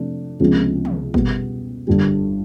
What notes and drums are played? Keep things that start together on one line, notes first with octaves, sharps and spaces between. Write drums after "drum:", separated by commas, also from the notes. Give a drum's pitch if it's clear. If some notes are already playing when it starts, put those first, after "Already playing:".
Already playing: C3 F3 A3 D4
C#2 C3 F3 G#3 B3
drum: tom
B2 G3 B3, drum: kick G#1
G1 G2 D3 G3